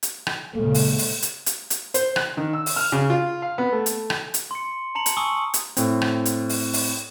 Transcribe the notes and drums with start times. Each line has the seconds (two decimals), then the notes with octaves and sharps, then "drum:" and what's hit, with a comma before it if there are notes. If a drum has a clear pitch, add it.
0.03 drum: hi-hat
0.27 drum: rim click
0.55 D#2 A#2 C#3 G#3 A#3 A4
0.74 drum: open hi-hat
0.98 drum: open hi-hat
1.22 drum: hi-hat
1.46 drum: hi-hat
1.70 drum: hi-hat
1.94 C5, drum: hi-hat
2.16 F#6, drum: rim click
2.37 D#3
2.53 E6
2.66 drum: open hi-hat
2.76 F6
2.92 C#3
3.10 F4
3.42 F5
3.58 B3
3.72 A3
3.86 drum: hi-hat
4.10 drum: rim click
4.34 drum: hi-hat
4.51 C6 C#7
4.95 A5 A#5 C#7 F#7
5.06 drum: hi-hat
5.17 G#5 C#6 D#6 E6
5.54 drum: hi-hat
5.77 A2 C4, drum: hi-hat
6.02 drum: rim click
6.25 drum: hi-hat
6.49 drum: open hi-hat
6.73 drum: open hi-hat